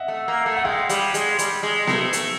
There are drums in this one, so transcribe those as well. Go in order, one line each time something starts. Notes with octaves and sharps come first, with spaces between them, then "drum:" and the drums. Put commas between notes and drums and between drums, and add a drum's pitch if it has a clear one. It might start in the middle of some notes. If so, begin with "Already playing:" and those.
Already playing: D#5 E5 F#5
A3
A#3
A3
F#5
G#3 F5 G5
G3, drum: hi-hat
G#3, drum: hi-hat
G3, drum: hi-hat
G#3
A3, drum: snare B3
A3, drum: hi-hat